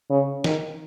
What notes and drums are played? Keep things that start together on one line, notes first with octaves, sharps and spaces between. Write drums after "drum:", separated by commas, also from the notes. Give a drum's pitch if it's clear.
C#3
D#3, drum: snare